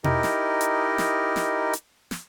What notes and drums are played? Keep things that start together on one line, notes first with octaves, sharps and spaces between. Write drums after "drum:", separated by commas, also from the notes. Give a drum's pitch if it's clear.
D#4 E4 G4 A#4 D#5, drum: tom B2
drum: snare
drum: hi-hat
drum: snare
drum: snare
drum: hi-hat
drum: snare